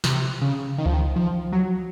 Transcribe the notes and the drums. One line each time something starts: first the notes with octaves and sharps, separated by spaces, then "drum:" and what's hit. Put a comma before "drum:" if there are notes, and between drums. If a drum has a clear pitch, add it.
C3, drum: snare
C#3
D#3
F3, drum: kick C#2
D#3
F3
F#3